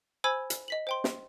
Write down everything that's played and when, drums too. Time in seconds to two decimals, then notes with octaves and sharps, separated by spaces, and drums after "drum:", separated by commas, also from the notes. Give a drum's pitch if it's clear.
0.24 C5 G#5 B5 E6 G#6
0.50 drum: hi-hat
0.68 D#5 B6 F#7
0.87 C5 G5 C6
1.04 drum: snare